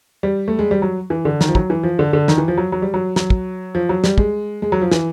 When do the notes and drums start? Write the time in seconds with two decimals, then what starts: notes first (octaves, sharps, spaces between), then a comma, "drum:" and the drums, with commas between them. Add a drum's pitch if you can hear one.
0.23 G3
0.48 A3
0.59 G#3
0.71 G3
0.82 F#3
1.10 E3
1.25 D3
1.41 D#3, drum: snare
1.48 F3
1.55 F#3, drum: kick
1.70 E3
1.83 F3
1.99 D3
2.13 D3
2.28 D#3, drum: snare
2.38 E3
2.48 F3
2.57 F#3
2.72 F#3
2.82 G3
2.94 F#3
3.16 F#3, drum: snare
3.30 drum: kick
3.75 F3
3.89 F#3
4.04 G3, drum: snare
4.18 G#3, drum: kick
4.62 G#3
4.72 F#3
4.82 F3
4.92 E3, drum: snare